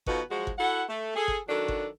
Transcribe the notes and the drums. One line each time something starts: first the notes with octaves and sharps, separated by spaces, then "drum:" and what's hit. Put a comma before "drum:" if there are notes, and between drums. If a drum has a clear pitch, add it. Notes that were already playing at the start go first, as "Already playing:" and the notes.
B2 F3 D#4 F#4 A4 B4, drum: kick G1
F3 F#3 G#3 F#4
drum: kick G1
E4 F#4 A4 F#5
A3
G#4 A4
drum: kick G1
D#3 F#3 D4 F#4 A4
drum: kick G1